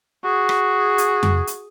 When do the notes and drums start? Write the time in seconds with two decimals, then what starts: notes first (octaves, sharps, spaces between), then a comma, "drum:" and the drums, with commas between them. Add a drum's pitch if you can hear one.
0.24 F#4 G#4
0.49 drum: rim click
0.98 drum: hi-hat
1.23 drum: tom F2
1.47 drum: hi-hat